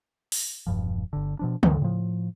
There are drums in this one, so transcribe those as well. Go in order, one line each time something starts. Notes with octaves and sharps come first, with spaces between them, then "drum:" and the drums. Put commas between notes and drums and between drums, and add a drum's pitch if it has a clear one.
drum: open hi-hat
E1 G2 F3
G1 D3
B2 F3 D4
D2 G2, drum: tom
A2 F3